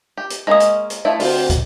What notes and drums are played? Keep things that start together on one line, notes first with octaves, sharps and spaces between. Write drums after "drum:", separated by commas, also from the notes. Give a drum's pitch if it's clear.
G4
drum: hi-hat
G#3 A#3 C#4 D#5 D#6
drum: hi-hat
drum: hi-hat
F3 A3 E4
D2 C4 F4 C5, drum: open hi-hat
drum: kick, hi-hat